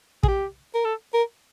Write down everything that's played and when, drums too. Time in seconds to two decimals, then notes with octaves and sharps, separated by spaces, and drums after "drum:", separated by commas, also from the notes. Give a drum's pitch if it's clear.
0.23 G#4, drum: kick
0.28 G4
0.74 A#4
0.85 A4
1.14 A#4